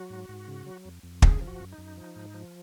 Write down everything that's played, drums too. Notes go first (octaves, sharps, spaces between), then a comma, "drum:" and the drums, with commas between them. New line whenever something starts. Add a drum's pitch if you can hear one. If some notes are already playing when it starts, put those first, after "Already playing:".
Already playing: F#3 F#4
G#2
G#2
C#3
F#3
F2
F2
C#3 G#4, drum: kick
F3
F#4
F#2
D#4
F#2
F3
G#2
F3